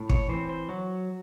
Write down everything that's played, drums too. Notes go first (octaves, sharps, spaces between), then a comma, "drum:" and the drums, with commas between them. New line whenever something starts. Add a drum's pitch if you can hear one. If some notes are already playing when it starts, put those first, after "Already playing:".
Already playing: A2
C#5, drum: kick
E3 C4 C5
C5
F#3 F#4